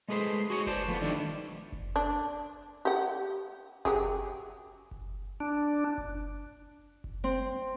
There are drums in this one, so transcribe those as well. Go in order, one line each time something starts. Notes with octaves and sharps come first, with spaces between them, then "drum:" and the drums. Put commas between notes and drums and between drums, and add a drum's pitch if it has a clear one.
G#3 A3 G#4 B4 C5
F#4 G#4 A#4 C#5
B4 C5 D5 A5, drum: kick F#1
F3 A3 B3
D#3 G3 A3 B3 D4 E4
drum: kick F#1
D4
G4 F#5
F#3 G4 G#4, drum: kick F#1
drum: kick F#1
D4
drum: kick F#1
drum: kick F#1
C4